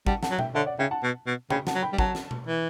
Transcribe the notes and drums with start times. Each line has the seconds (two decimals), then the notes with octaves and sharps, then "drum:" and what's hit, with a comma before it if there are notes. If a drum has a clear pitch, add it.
0.07 G3 F#5 A5, drum: kick
0.23 F#5 A5, drum: snare
0.31 F#3
0.39 E5 G5, drum: tom B2
0.55 D3 C#5 E5
0.66 D5 F#5
0.79 C#3 E5 G5
0.91 F#5 A5
1.03 B2
1.26 B2
1.50 C#3 G5 B5, drum: tom C#3
1.67 F#5 A5, drum: snare
1.75 F#3
1.82 G5 B5
1.93 G3
1.98 F#3 F#5 A5, drum: kick
2.15 drum: snare
2.31 drum: tom B2
2.47 E3